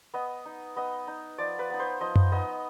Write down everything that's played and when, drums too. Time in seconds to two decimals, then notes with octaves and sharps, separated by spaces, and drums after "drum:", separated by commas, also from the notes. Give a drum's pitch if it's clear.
0.14 B3 D#5
0.45 D#4
0.76 B3 D#5
1.07 D#4
1.38 F3 D5
1.59 B4
1.70 B3 D#4
1.80 C5
2.01 F3 D#5
2.16 drum: tom F#2
2.32 B3 D#4 D#5